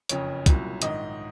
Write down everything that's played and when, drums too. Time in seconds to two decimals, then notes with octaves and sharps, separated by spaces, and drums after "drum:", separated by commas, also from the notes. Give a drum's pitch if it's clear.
0.09 F#1 F2 C#3 C#5, drum: hi-hat
0.46 C2 A#2 F#3 C#4, drum: kick, hi-hat
0.82 A#1 G#2 D#3 D#5, drum: hi-hat